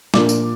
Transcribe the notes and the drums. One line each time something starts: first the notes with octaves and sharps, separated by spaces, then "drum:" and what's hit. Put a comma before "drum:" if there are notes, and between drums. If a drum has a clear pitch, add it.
A#2 F3 A#3 D4 D6, drum: snare
drum: tambourine